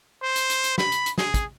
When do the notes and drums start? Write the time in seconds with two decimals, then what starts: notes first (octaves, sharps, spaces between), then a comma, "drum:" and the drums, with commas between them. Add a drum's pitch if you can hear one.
0.22 C5
0.36 drum: hi-hat
0.50 drum: hi-hat
0.64 drum: hi-hat
0.78 B5, drum: snare
0.92 drum: hi-hat
1.06 drum: hi-hat
1.18 G#4, drum: snare
1.34 drum: kick, hi-hat